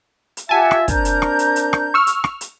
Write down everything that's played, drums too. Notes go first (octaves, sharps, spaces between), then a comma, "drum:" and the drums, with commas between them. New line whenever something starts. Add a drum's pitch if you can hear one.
drum: hi-hat
F4 G4 E5 F#5 G#5 A5
drum: rim click
C4 D4 A#4 A#5 G6, drum: kick, hi-hat
drum: hi-hat
drum: rim click
drum: hi-hat
drum: hi-hat
drum: rim click
C#6 E6 F6
drum: hi-hat
drum: rim click
drum: hi-hat